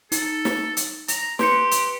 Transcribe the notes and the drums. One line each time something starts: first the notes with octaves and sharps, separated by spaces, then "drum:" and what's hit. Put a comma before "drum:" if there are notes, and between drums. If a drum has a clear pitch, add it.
D#4 A4, drum: hi-hat
drum: snare
drum: hi-hat
A#5, drum: hi-hat
G4 B4 C6 G6 C#7, drum: snare
drum: hi-hat